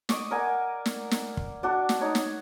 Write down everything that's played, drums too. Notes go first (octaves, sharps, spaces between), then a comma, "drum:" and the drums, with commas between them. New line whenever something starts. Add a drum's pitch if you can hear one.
D#5 C#6 D6, drum: snare
A#4 D5 F#5 G#5
drum: snare
drum: snare
drum: kick
D4 F#4 D5
drum: snare
D#4 C#5
drum: snare